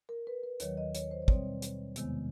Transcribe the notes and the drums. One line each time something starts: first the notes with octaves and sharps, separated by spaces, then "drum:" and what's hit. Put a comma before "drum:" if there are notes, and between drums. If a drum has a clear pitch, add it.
A#4
B4
B4
D#2 D#3 F#3 C#5, drum: hi-hat
D#5
C#5, drum: hi-hat
C5
D5
B2 G3 C4 C#5, drum: kick
drum: hi-hat
E2 C3 D#3 G#3 B3, drum: hi-hat